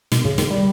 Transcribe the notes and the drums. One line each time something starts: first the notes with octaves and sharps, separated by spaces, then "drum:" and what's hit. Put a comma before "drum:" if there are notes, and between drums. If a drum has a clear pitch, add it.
B2, drum: snare
C#3, drum: kick
D#3, drum: snare
G3